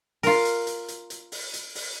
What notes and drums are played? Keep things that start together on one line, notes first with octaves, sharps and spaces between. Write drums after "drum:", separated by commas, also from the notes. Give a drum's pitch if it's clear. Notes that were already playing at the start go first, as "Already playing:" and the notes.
F4 A#4, drum: open hi-hat
drum: hi-hat
drum: hi-hat
drum: hi-hat
drum: hi-hat
drum: open hi-hat
drum: hi-hat
drum: open hi-hat